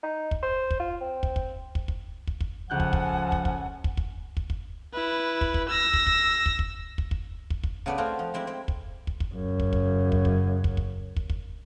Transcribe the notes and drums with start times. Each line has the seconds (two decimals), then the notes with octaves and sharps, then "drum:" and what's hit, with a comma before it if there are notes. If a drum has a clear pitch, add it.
0.03 D#4
0.31 drum: kick
0.43 C5
0.71 drum: kick
0.80 F4
1.01 C4
1.23 drum: kick
1.36 drum: kick
1.75 drum: kick
1.88 drum: kick
2.27 drum: kick
2.41 drum: kick
2.70 C#2 F3 A4 F#5 G#5 F#6 G6
2.80 drum: kick
2.93 drum: kick
3.32 drum: kick
3.45 drum: kick
3.84 drum: kick
3.97 drum: kick
4.37 drum: kick
4.50 drum: kick
4.94 E4 B4
5.41 drum: kick
5.54 drum: kick
5.69 E6 A#6
5.94 drum: kick
6.07 drum: kick
6.46 drum: kick
6.59 drum: kick
6.98 drum: kick
7.11 drum: kick
7.50 drum: kick
7.63 drum: kick
7.86 C#3 A3 B3 A4 D5
7.98 A3 C4 F4 F#4 G#4 C5
8.19 F3
8.34 G#3 C4 E4 G4
8.47 C4
8.68 drum: kick
9.07 drum: kick
9.20 drum: kick
9.33 F#2 C#3
9.60 drum: kick
9.73 drum: kick
10.12 drum: kick
10.25 drum: kick
10.64 drum: kick
10.77 drum: kick
11.16 drum: kick
11.30 drum: kick